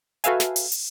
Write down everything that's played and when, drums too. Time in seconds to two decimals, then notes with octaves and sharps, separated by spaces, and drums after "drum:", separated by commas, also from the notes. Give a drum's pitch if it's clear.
0.24 F#4 A4 B4 E5 F5 G#5, drum: hi-hat
0.40 drum: snare
0.56 drum: open hi-hat
0.72 drum: hi-hat